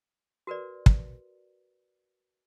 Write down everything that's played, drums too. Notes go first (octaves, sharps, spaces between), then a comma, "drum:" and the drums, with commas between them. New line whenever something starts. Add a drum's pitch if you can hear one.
F#4 A#4 B4 D5
drum: kick